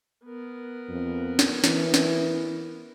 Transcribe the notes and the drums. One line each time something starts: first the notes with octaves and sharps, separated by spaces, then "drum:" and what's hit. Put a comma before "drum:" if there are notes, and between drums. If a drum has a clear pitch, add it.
B3 A#4
F2
drum: snare
E3, drum: snare
drum: snare